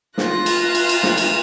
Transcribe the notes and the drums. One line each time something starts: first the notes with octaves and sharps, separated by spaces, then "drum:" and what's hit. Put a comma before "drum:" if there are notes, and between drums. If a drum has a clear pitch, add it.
F4 F#6 A#6, drum: snare
drum: cymbal
drum: cymbal
drum: cymbal
drum: snare
drum: cymbal